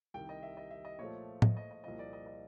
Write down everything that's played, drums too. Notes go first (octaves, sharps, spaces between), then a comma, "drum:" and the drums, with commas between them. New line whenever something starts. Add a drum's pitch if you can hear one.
C2 C3 D#3 G5
D#5
E5
D#5
E5
D#5
A#2 F3 A3 C#5
D#5, drum: tom A2
D#5
D#5
C2 A#2 F3 D#5
D5
D#5
D#5